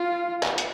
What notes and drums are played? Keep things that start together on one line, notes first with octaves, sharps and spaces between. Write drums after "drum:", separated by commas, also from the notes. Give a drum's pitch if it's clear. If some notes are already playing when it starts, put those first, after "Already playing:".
Already playing: F4
drum: clap
drum: hi-hat